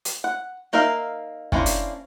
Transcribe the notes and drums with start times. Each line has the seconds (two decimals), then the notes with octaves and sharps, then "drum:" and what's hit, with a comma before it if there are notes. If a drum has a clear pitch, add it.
0.05 drum: hi-hat
0.24 F#5
0.73 A#3 D#4 A#4 E5 F5
1.52 A#3 C#4 D4 E4 C5, drum: kick
1.66 drum: hi-hat